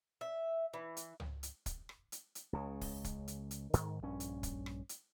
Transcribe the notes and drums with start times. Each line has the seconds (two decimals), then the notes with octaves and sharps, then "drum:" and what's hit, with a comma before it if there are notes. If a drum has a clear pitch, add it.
0.21 E5
0.74 E3
0.97 drum: hi-hat
1.20 drum: tom C#2
1.43 drum: hi-hat
1.66 drum: kick, hi-hat
1.89 drum: rim click
2.12 drum: hi-hat
2.35 drum: hi-hat
2.53 C#2 C#3
2.81 drum: kick, open hi-hat
3.04 drum: kick, hi-hat
3.28 drum: hi-hat
3.51 drum: hi-hat
3.74 G#2 D#3, drum: hi-hat
4.02 A#1 G2 C#4
4.20 drum: hi-hat
4.43 drum: kick, hi-hat
4.66 drum: rim click
4.89 drum: hi-hat